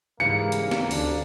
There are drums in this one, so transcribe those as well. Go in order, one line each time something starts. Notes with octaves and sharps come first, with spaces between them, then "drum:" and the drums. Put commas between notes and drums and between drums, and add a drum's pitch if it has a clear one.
G#2 C#3 E3 G3 A#3 C#7
drum: hi-hat
drum: snare
D2 D4, drum: open hi-hat